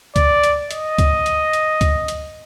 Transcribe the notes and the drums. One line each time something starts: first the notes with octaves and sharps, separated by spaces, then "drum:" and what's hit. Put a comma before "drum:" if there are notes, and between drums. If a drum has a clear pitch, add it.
D5, drum: kick C#2, hi-hat
drum: hi-hat
D#5, drum: hi-hat
drum: kick C#2, hi-hat
drum: hi-hat
drum: hi-hat
drum: kick C#2, hi-hat
drum: hi-hat